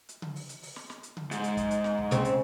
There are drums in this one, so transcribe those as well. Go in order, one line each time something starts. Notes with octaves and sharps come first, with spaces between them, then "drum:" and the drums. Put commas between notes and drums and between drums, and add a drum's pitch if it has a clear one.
drum: hi-hat
drum: tom C#3
drum: open hi-hat
drum: hi-hat
drum: open hi-hat
drum: snare
drum: snare
drum: hi-hat
drum: tom C#3
G#2, drum: hi-hat
drum: hi-hat
drum: kick, hi-hat
drum: hi-hat
drum: snare
drum: tom C2
C#3 C4, drum: hi-hat
drum: hi-hat